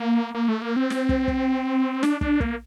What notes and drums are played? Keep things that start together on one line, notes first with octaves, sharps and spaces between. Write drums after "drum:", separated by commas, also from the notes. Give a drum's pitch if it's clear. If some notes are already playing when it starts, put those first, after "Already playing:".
Already playing: A#3
A#3
A3
A#3
C4
drum: snare
drum: kick
drum: kick
D4, drum: snare
D4, drum: kick
A#3, drum: kick